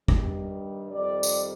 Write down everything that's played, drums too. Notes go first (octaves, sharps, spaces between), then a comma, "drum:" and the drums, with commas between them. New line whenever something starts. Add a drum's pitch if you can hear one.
G2 D#3 G3, drum: kick
F2 D#3 G3 D5
drum: tambourine